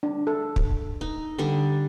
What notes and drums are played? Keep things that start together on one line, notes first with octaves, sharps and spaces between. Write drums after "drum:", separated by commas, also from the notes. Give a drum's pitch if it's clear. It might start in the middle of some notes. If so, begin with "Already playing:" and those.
D4
A4
drum: kick
D#4
D3 G3 D4